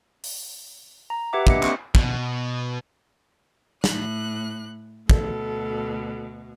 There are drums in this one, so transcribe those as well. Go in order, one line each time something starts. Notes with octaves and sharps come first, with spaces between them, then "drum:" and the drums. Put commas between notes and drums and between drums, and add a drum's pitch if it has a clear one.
drum: open hi-hat
A#5
G4 B4 E5 F#5 D6
A#3 D4 D#5 C#7, drum: kick
C4 C#6, drum: clap
B2, drum: kick
A2 F#6, drum: snare
D2 B2 A4, drum: kick